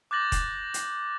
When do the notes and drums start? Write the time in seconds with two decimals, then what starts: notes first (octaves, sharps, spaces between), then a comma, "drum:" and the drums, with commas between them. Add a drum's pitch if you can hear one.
0.11 D6 F#6 G6 A6 A#6 F#7
0.32 drum: kick E1, hi-hat
0.74 drum: hi-hat